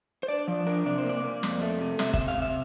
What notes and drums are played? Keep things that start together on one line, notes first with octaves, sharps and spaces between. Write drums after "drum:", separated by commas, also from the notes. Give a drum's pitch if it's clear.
C5
D4 D5
F3
D4 A#4
C3 D5
C5
A#3 D5
A#3
F2, drum: snare
A3
C3
C3 E5, drum: snare
C3 E5, drum: kick
F5
C3
E5